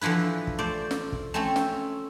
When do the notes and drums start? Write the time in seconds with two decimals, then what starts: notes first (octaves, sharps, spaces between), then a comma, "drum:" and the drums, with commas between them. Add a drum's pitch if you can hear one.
0.01 D3 E3 F3 E4 B4
0.47 drum: kick
0.58 A3 C5 D5
0.91 drum: snare
1.12 drum: kick
1.34 A3 C4 C#4 A4
1.56 drum: snare